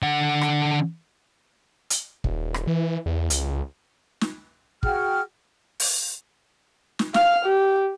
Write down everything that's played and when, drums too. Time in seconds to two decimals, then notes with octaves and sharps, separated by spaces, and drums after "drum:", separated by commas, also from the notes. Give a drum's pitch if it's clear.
0.02 D3 F#5
0.41 drum: rim click
1.90 drum: hi-hat
2.24 D#1, drum: kick
2.54 drum: rim click
2.67 E3
3.06 E2
3.30 C#2, drum: hi-hat
4.21 drum: snare
4.83 F#4 G#4 G5 F6, drum: kick
5.80 drum: open hi-hat
6.99 drum: snare
7.14 F5 F6, drum: snare
7.45 G4